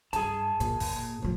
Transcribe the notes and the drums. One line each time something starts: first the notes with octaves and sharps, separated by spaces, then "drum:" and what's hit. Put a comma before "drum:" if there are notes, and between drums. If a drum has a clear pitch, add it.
G2 G#4 A5, drum: hi-hat
A#2, drum: hi-hat
drum: kick F#1, open hi-hat
A2 F3